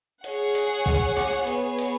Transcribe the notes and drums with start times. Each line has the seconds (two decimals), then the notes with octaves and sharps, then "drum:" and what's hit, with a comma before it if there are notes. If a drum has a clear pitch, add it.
0.24 G#4 C#5 F#5, drum: hi-hat
0.55 drum: hi-hat
0.86 drum: kick, hi-hat
1.17 drum: rim click
1.47 B3 G#4 C#5, drum: hi-hat
1.79 drum: hi-hat